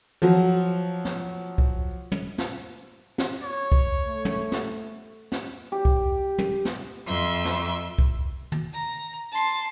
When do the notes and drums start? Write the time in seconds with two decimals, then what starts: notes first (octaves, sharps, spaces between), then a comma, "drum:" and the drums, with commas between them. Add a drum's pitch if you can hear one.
0.22 F3 F#3
1.05 drum: snare
1.58 drum: kick C2
2.12 drum: tom
2.38 drum: snare
3.18 drum: snare
3.43 C#5
3.72 drum: kick C2
4.06 A3
4.25 drum: tom
4.52 drum: snare
5.32 drum: snare
5.72 G4
5.85 drum: kick C2
6.38 drum: tom
6.65 drum: snare
7.06 F2 E5 C6
7.45 drum: snare
7.99 drum: kick C2
8.52 drum: tom
8.73 A#5
9.32 A5 C6